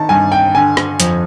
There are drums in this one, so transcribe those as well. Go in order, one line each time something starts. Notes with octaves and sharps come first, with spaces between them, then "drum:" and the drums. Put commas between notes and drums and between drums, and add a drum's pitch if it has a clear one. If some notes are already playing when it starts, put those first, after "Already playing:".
Already playing: D#3 A5
G2 G#5
G5
D3 G#5
drum: rim click
F2, drum: hi-hat